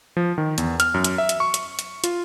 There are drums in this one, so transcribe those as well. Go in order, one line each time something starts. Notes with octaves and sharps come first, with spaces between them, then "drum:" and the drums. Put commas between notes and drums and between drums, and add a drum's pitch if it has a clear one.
F3
D#3
E2, drum: hi-hat
F6, drum: hi-hat
F#2
drum: hi-hat
E5
drum: hi-hat
C#6
drum: hi-hat
drum: hi-hat
F4, drum: hi-hat